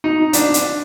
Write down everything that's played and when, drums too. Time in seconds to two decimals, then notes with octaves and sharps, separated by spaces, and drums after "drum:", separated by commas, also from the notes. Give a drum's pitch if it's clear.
0.04 D#4
0.33 D4, drum: hi-hat
0.54 drum: hi-hat